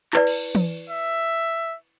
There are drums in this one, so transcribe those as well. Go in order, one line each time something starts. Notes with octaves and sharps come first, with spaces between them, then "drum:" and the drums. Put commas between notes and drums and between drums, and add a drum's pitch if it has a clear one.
E4 B4 D5, drum: clap
drum: cymbal
drum: tom E3
E5